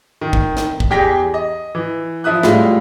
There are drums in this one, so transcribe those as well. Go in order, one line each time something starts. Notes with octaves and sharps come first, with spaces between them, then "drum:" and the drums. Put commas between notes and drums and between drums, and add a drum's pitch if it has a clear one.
D#3
drum: kick
drum: snare
drum: kick
E2 G4 G#4 G5 A#6 B6
D#5
E3
F3 E4 E5 D#6 F#6
A2 G3 G#3 F4, drum: snare